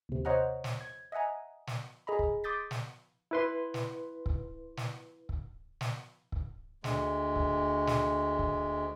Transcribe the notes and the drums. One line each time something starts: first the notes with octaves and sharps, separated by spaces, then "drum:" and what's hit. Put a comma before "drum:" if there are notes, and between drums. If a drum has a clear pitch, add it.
D#2 C3
C5 C#5 D#5 F#5 A#5 F6
drum: snare
G#6
D#5 E5 F#5 G#5 A#5
drum: snare
G#4 D#5 A#5 B5
drum: kick
C6 D6 D#6 G6 A6 B6
drum: snare
E4 B4 C6
drum: snare
drum: kick
drum: snare
drum: kick
drum: snare
drum: kick
D2 G#3, drum: snare
drum: kick
drum: snare
drum: kick